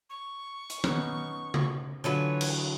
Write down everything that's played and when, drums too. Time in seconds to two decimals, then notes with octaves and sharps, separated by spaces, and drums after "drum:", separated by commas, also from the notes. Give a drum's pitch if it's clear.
0.10 C#6
0.70 drum: hi-hat
0.84 B3 C#4 D#4, drum: tom D#3
1.54 drum: tom C#3
2.04 D3 E3 F#3 F4 B4 C#5
2.41 drum: cymbal